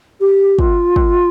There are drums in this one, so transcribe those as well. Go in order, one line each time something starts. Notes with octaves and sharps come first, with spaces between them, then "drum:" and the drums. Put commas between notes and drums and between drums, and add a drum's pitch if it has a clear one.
G4
F4, drum: kick
drum: kick